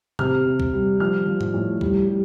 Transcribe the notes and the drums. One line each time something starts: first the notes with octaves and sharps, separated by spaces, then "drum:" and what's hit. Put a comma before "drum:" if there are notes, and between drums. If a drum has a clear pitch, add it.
C3 F6, drum: tom G#2
C3
drum: kick C2
G3
F3 F6
F3
drum: tom G#2
A2
G3, drum: kick C2
G3